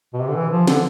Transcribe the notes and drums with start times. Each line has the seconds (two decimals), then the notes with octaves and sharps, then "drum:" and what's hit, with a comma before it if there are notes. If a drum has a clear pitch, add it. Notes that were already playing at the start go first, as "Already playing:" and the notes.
0.14 B2
0.21 C3
0.29 D3
0.36 E3
0.52 F3
0.67 D3, drum: snare